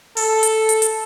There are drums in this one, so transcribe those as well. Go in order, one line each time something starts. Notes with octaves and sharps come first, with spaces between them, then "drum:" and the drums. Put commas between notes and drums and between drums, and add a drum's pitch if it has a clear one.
A4, drum: open hi-hat
drum: hi-hat
drum: hi-hat
drum: hi-hat